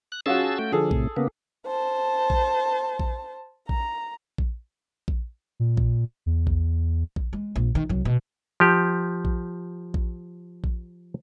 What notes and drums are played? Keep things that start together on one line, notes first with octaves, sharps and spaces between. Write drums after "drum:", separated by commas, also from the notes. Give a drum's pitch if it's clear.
F#6
C#4 F4 F#4 G#4 A5 E6
A3 G5
D3 F3 G#4 A4
A2 C3, drum: kick A#1
C#3 A#3 B3
C5 A5
drum: kick A#1
drum: kick A#1
A#5, drum: kick A#1
drum: kick A#1
drum: kick A#1
A#2
drum: kick A#1
E2
drum: kick A#1
drum: kick A#1
G#3
A#1
D#3
C2 F#3
B2
F3 G4
drum: kick A#1
drum: kick A#1
drum: kick A#1